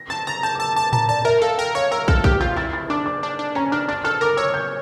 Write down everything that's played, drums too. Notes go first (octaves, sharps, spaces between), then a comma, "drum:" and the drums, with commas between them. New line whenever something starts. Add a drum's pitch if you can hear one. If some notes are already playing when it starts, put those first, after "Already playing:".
Already playing: A#6
A5 A6
A#5 A6
A5 G6
D6
A5 E6
A5 D6
A5 A#5, drum: tom A2
D5 A5
D5
A#4 E5
A4 F5
A#4 G5
C#5 F5
A#4 E6
A4 F6, drum: kick
G4 F6, drum: kick
F4 G6
E4 A6
A6
D4 D6
D6
D4
D4
C#4 A#5
D4 F6
D4 A6
A4 F6
A#4 D6
C#5 E6
G6